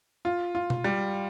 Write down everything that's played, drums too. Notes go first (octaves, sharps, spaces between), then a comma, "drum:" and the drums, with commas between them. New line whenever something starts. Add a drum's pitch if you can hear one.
F4
F4
drum: tom B2
G3